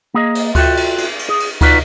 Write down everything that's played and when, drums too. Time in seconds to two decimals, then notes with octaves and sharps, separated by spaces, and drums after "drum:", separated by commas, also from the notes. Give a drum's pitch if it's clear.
0.14 A#3 G#4 D#5
0.35 drum: cymbal
0.55 F4 F#4 A4 E5 G5, drum: kick D2, cymbal
0.77 drum: cymbal
0.98 drum: cymbal
1.19 drum: cymbal
1.29 G#4
1.40 drum: cymbal
1.61 D#4 F4 F#4 B4 D5, drum: kick D2, cymbal